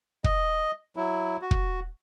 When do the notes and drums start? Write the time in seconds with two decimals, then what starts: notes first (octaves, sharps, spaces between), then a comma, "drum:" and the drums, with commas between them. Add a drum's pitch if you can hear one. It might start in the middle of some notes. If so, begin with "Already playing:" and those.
0.24 D#5, drum: kick
0.96 F#3 E4
1.42 F#4
1.51 drum: kick